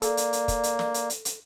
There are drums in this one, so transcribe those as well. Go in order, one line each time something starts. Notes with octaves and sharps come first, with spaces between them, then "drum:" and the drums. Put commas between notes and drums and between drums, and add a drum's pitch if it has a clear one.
A#3 A4 D5, drum: hi-hat
drum: hi-hat
drum: hi-hat
drum: kick, hi-hat
drum: hi-hat
drum: snare
drum: hi-hat
drum: hi-hat
drum: hi-hat